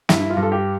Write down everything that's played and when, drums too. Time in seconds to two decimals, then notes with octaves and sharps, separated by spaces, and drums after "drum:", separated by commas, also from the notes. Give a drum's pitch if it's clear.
0.09 G2 E4, drum: snare
0.21 E4
0.30 F4
0.37 G2
0.42 A4
0.52 G4